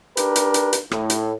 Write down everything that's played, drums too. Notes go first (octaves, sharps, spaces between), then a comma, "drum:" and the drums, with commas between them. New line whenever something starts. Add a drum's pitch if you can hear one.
D4 G4 A#4 B4, drum: hi-hat
drum: hi-hat
drum: hi-hat
drum: hi-hat
A2, drum: rim click
drum: hi-hat